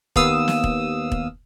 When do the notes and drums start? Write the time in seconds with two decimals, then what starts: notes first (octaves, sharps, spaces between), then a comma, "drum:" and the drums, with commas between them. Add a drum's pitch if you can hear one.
0.16 D#2 B3 F5 D#6 E6, drum: kick
0.48 drum: snare
0.64 drum: kick
1.12 drum: kick